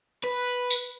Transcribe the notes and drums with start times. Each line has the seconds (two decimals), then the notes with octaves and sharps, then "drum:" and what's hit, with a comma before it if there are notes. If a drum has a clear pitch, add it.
0.24 B4
0.70 drum: tambourine